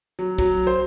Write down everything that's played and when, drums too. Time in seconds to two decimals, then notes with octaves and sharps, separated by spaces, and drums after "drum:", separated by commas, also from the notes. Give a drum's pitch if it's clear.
0.19 F#3
0.38 F#3, drum: kick
0.67 C5